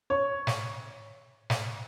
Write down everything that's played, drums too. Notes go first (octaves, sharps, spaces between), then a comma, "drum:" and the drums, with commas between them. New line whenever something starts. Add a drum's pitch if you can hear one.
C#5
drum: snare
drum: snare